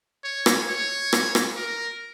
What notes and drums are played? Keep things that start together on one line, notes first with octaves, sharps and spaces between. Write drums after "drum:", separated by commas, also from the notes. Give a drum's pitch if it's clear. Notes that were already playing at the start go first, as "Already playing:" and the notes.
C#5
drum: rim click
C#5
drum: rim click
drum: rim click
A#4